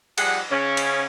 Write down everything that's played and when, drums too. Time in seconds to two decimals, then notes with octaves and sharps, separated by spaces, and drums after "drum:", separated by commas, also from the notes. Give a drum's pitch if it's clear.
0.18 F3 G3 G#4 F#5, drum: cymbal
0.51 C#3 C#4
0.77 drum: cymbal